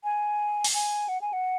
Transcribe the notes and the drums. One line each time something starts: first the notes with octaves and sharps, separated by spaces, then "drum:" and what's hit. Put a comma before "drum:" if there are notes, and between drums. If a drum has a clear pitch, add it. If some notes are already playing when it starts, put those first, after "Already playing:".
G#5
drum: open hi-hat
G#5
F#5
G#5
F#5